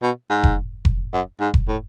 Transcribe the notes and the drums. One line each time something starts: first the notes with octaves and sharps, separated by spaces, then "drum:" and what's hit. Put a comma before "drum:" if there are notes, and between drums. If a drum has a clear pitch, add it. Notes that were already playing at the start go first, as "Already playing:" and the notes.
B2
G#2
drum: kick F1
drum: kick F1
F#2
G#2
drum: kick F1
A2